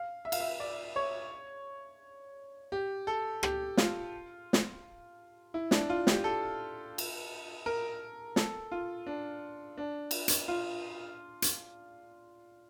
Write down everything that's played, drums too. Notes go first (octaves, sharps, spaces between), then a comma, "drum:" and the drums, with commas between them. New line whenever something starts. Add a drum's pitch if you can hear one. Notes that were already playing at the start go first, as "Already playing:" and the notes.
Already playing: F5
E5
F5, drum: cymbal
E5
D5
C#5
G4
A4
G4, drum: rim click
F4, drum: snare
drum: snare
E4
D4, drum: snare
F4
G4, drum: snare
A4
drum: cymbal
A#4
A4, drum: snare
F4
D4
D4
drum: cymbal
drum: hi-hat
F4
drum: hi-hat